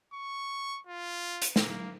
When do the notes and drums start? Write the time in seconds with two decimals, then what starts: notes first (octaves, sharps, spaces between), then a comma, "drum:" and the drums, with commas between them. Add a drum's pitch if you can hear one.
0.13 C#6
0.87 F4
1.42 drum: hi-hat
1.56 A#3, drum: snare